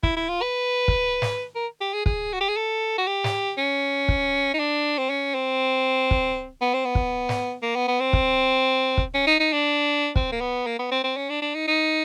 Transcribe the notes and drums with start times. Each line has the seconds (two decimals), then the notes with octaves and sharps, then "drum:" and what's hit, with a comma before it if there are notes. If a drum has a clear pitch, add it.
0.03 E4, drum: kick
0.17 E4
0.29 F4
0.42 B4
0.88 drum: kick
1.22 drum: snare
1.55 A#4
1.81 G4
1.93 G#4
2.06 G#4, drum: kick
2.33 F#4
2.41 G4
2.49 G#4
2.57 A4
2.98 F#4
3.07 G4
3.24 drum: snare
3.58 C#4
4.08 drum: kick
4.54 D#4
4.59 D4
4.98 C4
5.10 C#4
5.35 C4
6.11 drum: kick
6.61 B3
6.74 C4
6.85 B3
6.95 drum: kick
7.29 drum: snare
7.62 A#3
7.76 B3
7.88 B3
8.00 C4
8.13 drum: kick
8.98 drum: kick
9.14 C#4
9.27 D#4
9.40 D#4
9.53 D4
10.16 C4, drum: kick
10.32 A#3
10.41 B3
10.67 A#3
10.79 B3
10.91 C4
11.04 C4
11.17 C#4
11.29 D4
11.42 D4
11.55 D#4
11.68 D#4